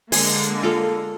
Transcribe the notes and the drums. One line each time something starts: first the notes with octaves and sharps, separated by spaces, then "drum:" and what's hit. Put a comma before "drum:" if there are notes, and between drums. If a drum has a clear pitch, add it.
D3 G#3 A#3 G#5 C6, drum: open hi-hat
F4 A4